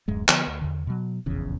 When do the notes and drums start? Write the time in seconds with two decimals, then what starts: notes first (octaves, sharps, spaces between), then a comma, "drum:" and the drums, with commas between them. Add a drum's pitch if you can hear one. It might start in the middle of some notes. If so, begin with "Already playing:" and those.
0.08 D1 F#2 G#3
0.28 D3 F3 B3, drum: clap
0.47 D2
0.62 E2 D3
0.87 B2 F#3
1.26 F1 A#1 E2 C#3